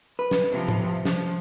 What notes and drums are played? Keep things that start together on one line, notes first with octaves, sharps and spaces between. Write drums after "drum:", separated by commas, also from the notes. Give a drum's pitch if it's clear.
B4
drum: snare
C3 F3
drum: tom A2
F3, drum: snare